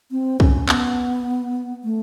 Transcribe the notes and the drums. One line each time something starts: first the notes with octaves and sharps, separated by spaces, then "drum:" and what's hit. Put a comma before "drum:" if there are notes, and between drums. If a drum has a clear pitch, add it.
C4
C#4, drum: kick
B3, drum: clap
A3